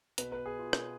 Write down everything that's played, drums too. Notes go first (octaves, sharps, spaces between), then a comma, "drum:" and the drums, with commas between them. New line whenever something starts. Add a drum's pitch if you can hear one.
B2 B4, drum: hi-hat
B4
G#4
F4
B2, drum: rim click